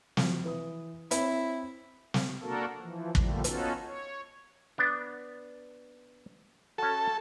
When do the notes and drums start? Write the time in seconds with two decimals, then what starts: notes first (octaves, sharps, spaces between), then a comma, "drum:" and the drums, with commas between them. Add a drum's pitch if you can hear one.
0.17 F3 F#3, drum: snare
0.44 E3 B4 D#6
1.11 C4 E4 C#5, drum: hi-hat
2.14 drum: snare
2.42 A#3 D4 F#4 A4 A#4
2.79 E3 F3
3.15 A#2 D3 F3 G3 A3, drum: kick
3.44 B3 C#4 D#4 F4 F#4 A4, drum: hi-hat
3.86 C#5
4.78 B3 D4
6.78 C#4 F#4 A4 A5